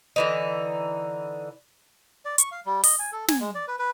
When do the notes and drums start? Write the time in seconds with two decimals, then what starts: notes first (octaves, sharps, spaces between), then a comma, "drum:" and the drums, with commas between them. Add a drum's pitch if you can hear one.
0.16 D3 E3 D#4
2.25 D5
2.38 C#6, drum: hi-hat
2.51 F5
2.66 G3
2.84 D#5, drum: open hi-hat
2.99 G#5
3.12 A4
3.28 G#5, drum: snare
3.40 G#3
3.55 D5
3.68 B4
3.79 B4